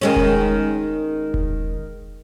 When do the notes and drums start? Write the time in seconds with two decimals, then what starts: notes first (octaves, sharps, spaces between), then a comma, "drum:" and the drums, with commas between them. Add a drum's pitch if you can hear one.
0.01 D#3 G#3 C#4
0.16 drum: kick E1
1.34 drum: kick E1